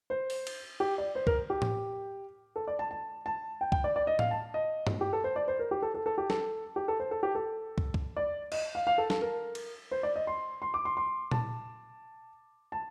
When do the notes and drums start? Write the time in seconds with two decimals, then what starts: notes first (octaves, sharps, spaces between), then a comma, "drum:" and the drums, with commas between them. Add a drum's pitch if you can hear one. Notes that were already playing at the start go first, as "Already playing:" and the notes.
0.10 C5
0.30 drum: open hi-hat
0.47 drum: cymbal
0.80 G4
0.98 D5
1.15 C5
1.27 A#4, drum: kick
1.50 G4
1.62 drum: tom A2
2.56 A4
2.68 D5
2.79 A5
2.91 A5
3.26 A5
3.61 G5
3.72 G5, drum: kick
3.84 D5
3.96 D5
4.07 D#5
4.19 F5, drum: tom A2
4.31 A5
4.54 D#5
4.87 drum: tom G2
5.01 G4
5.13 A4
5.24 C5
5.36 D5
5.48 C5
5.59 A#4
5.71 G4
5.82 A4
5.94 A4
6.06 A4
6.18 G4
6.30 A4, drum: snare
6.76 G4
6.88 A4
7.00 C5
7.11 A4
7.23 G4
7.35 A4
7.78 drum: kick
7.94 drum: kick
8.17 D5
8.52 D#5, drum: cymbal
8.75 F5
8.87 F5
8.98 A4
9.10 A4, drum: snare
9.22 A#4
9.55 drum: cymbal
9.91 C5
10.03 D5
10.16 D#5
10.27 C6
10.62 C6
10.74 D6
10.85 C6
10.97 C6
11.31 A5, drum: tom A#2
12.72 A5